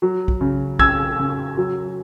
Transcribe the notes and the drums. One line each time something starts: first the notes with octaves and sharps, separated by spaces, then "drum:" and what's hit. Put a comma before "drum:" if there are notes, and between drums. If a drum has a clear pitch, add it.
F#3
drum: kick
C#3
C#3 E6 G#6, drum: kick
C#3
F#3